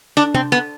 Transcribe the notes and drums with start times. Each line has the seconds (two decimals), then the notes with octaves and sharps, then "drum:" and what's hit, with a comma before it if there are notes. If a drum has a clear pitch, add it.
0.17 D4, drum: hi-hat
0.34 C4, drum: tom C3
0.52 B3, drum: hi-hat